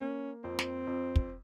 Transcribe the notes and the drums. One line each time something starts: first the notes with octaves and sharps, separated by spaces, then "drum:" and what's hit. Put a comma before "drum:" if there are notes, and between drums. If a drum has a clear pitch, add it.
A#3 C#4
F2 C4
drum: snare
F2
drum: kick